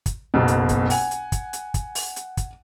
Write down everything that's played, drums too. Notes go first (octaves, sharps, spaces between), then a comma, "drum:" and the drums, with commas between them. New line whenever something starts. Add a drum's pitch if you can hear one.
drum: kick, hi-hat
F#1 B1 B2
drum: hi-hat
drum: kick, hi-hat
F#5 G#5, drum: open hi-hat
drum: hi-hat
drum: kick, hi-hat
drum: hi-hat
drum: kick, hi-hat
drum: open hi-hat
drum: hi-hat
drum: kick, hi-hat